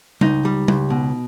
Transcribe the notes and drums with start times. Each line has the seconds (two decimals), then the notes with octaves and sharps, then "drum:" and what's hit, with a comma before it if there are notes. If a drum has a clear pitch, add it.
0.21 C#2 D#4, drum: tom G3
0.45 G3
0.68 C#2, drum: tom G3
0.90 B2